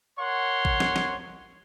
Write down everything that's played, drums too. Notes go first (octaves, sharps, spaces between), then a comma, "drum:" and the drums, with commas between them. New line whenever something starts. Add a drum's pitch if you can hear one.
A#4 C#5 F#5 C6
drum: kick A1
drum: snare
drum: snare